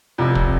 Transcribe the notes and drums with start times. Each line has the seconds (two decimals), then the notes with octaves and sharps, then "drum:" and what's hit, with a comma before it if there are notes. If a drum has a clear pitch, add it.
0.18 F1 F2 C3
0.35 drum: kick